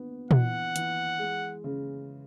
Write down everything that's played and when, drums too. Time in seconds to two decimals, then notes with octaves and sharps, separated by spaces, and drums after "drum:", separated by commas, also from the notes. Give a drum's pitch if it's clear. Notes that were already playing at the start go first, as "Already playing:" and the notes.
Already playing: B3 D4
0.31 E3 F#5, drum: tom A#2
0.76 E3, drum: hi-hat
1.19 G#3
1.64 C#3